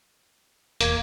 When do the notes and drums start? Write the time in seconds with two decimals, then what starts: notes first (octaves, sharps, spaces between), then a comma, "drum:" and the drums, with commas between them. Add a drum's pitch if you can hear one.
0.81 E1 A#3 G#6, drum: hi-hat